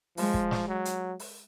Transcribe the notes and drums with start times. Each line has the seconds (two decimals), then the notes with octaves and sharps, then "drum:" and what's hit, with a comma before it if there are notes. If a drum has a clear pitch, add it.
0.17 F3 G#3, drum: open hi-hat
0.34 drum: kick
0.51 drum: snare
0.68 F#3
0.85 drum: hi-hat
1.19 drum: open hi-hat